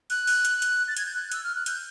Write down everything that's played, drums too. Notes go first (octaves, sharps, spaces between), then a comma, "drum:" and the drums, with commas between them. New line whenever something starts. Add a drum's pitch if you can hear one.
F#6, drum: open hi-hat
drum: open hi-hat
drum: hi-hat
drum: hi-hat
A6
G#6, drum: hi-hat
G6
F#6
E6, drum: hi-hat
F6
F#6
G6, drum: hi-hat